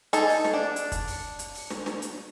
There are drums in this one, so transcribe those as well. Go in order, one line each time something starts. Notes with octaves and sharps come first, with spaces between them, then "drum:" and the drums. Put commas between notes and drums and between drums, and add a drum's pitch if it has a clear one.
D#4 G#4 A4, drum: hi-hat
drum: open hi-hat
drum: snare
D4
drum: hi-hat
drum: kick, hi-hat
drum: open hi-hat
drum: hi-hat
drum: open hi-hat
drum: snare
drum: snare
drum: hi-hat